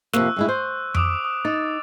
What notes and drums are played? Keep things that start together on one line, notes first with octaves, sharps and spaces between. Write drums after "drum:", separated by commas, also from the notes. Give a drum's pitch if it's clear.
F2 C3 A#3 C#6 E6 F#6, drum: snare
G2 G#3 E4
C5
D6 D#6 D7, drum: tom F2
D#6
D#4 D#6 A6